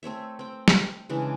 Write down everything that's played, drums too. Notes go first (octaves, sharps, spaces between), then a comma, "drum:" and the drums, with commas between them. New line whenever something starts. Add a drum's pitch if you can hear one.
A3 C4 C#5 E5
C4 G5
drum: snare
C#3 E3 G#3 D4